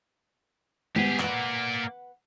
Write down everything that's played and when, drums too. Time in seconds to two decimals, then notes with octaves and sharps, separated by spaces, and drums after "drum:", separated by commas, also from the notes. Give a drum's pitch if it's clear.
0.96 G3 B3 G4 G#4, drum: tom G#3
1.20 A#3 B4 D5 F#5, drum: clap